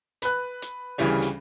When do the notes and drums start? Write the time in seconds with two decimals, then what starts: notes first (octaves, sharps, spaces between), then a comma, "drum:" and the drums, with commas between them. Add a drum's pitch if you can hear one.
0.22 B4 F#6, drum: hi-hat
0.62 drum: hi-hat
0.98 D2 C#3 E3 G3 C#4
1.22 drum: hi-hat